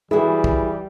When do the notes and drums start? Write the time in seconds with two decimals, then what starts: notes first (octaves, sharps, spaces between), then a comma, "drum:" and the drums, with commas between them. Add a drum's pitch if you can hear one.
0.11 E3 G3 E4 F#4 G#4
0.44 drum: kick